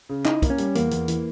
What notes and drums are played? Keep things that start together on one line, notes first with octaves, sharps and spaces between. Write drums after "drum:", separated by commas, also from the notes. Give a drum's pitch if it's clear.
C#3
D#4 E4, drum: clap
A#3, drum: kick, hi-hat
C#4
G3, drum: hi-hat
E2 A#3, drum: hi-hat
E2, drum: hi-hat
E3, drum: hi-hat